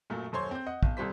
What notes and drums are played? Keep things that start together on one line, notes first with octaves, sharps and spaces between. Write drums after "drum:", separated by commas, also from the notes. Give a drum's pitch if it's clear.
F#2 A#2 F#3 A3
D#1 F#2 C5 C#5 C6
C4 G6
D#5 F#5
B1, drum: kick
D#1 C2 G3 C5 B6